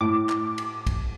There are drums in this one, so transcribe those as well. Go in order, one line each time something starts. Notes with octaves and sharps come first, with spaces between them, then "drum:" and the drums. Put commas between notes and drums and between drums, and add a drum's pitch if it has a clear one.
A2 D6
drum: clap
drum: cymbal
drum: kick, cymbal